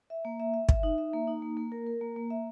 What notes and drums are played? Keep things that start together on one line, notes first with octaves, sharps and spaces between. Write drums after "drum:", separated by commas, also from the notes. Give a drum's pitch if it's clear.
E5
A#3
E5
E5
E5, drum: kick
D#4
E5
A#3
D#4
A#3
A#3
A#4
A#4
A#3
A#3
E5